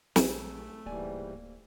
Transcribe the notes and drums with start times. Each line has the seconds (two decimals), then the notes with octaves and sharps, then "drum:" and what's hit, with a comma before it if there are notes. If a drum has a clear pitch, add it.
0.16 A#1 F#3 A3 G#4, drum: snare
0.86 D1 G#2 E3 G3 A#3 D5 G#5